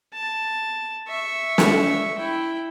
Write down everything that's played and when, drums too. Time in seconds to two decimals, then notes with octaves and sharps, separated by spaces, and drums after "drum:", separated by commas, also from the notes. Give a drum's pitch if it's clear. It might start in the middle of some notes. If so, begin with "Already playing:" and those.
0.14 A5
1.08 E5 C#6
1.58 drum: snare
2.18 E4 G5